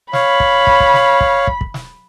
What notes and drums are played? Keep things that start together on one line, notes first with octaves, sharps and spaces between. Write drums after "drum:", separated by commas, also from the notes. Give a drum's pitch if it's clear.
C#5 F5 B5, drum: snare
drum: kick
drum: kick
drum: kick
drum: snare
drum: kick
drum: kick
drum: kick
drum: snare